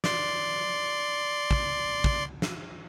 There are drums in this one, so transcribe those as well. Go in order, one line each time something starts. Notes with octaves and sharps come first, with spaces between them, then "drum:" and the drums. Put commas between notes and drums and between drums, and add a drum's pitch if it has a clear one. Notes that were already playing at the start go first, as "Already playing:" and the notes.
D5 C6, drum: snare
drum: kick
drum: kick
drum: snare